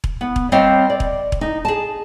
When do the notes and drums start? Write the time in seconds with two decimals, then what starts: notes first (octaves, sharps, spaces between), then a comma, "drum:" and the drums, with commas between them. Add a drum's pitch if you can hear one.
0.04 drum: kick E1
0.21 B3
0.36 drum: kick E1
0.52 G3 C4 C5 C#5 D#5 F5
0.90 D5
1.00 drum: kick E1
1.32 drum: kick E1
1.41 D#4
1.65 G#4 A5